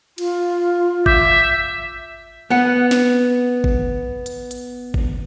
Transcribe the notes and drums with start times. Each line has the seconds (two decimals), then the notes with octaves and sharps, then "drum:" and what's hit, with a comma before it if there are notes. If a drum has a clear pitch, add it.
0.18 F4, drum: cymbal
1.06 E5 D6 G6, drum: kick G#1
2.50 B3 F#5
2.91 drum: snare
3.64 drum: kick G#1
4.26 drum: hi-hat
4.51 drum: hi-hat
4.94 drum: kick G#1